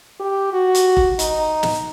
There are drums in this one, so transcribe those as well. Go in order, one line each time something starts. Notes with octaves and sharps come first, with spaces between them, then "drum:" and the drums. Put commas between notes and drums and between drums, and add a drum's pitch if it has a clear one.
G4
F#4
drum: hi-hat
drum: kick F1
D#4, drum: hi-hat
drum: snare